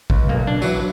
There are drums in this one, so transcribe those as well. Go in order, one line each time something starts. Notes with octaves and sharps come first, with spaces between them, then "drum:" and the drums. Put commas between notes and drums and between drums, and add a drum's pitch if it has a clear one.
C#2, drum: kick A1
B1 A#3
D4
E3 F#3, drum: tambourine